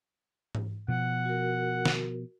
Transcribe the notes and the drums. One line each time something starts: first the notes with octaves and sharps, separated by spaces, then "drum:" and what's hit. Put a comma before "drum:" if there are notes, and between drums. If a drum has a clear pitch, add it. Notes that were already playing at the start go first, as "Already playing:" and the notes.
drum: tom G#2
B2 F3 F#5
F#4 A#4
drum: snare